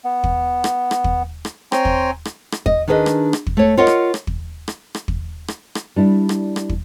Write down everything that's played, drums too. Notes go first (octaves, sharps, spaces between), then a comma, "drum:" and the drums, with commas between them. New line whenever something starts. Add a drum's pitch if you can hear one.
B3
drum: kick
drum: rim click
drum: rim click
drum: kick
drum: rim click
C4 C#5 G5 G#5 A#5 C6, drum: rim click
drum: kick
drum: rim click
drum: rim click
D#5, drum: kick
D#3 D4 G#4 B4 C#5 D#5
drum: rim click
drum: rim click
drum: kick
A3 C#5
F4 A#4 C#5 D#5 F#5
drum: rim click
drum: rim click
drum: kick
drum: rim click
drum: rim click
drum: kick
drum: rim click
drum: rim click
G3 D4 E4
drum: rim click
drum: rim click
drum: kick